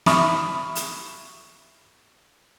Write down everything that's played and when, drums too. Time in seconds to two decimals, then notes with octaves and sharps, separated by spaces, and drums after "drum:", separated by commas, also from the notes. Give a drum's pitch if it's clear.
0.06 E5 B5 C#6 D#6 F6, drum: snare
0.75 drum: hi-hat